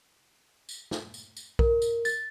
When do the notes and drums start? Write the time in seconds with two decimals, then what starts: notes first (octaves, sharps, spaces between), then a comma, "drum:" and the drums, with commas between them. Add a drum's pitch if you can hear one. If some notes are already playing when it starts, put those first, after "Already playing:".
0.69 drum: tambourine
0.91 drum: snare
1.14 drum: tambourine
1.37 drum: tambourine
1.59 A#4, drum: kick B1
1.82 drum: tambourine
2.05 A6, drum: tambourine